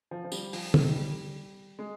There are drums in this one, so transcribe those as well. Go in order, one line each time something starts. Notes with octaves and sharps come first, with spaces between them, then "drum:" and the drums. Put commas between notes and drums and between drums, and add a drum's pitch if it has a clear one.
F3
F3
G3, drum: tambourine
F3, drum: open hi-hat
D#3, drum: tom
G3
G#3